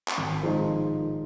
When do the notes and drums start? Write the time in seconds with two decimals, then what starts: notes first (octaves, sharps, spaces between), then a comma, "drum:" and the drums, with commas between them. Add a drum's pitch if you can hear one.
0.08 drum: clap
0.18 G#1
0.43 F3 G#3 D#4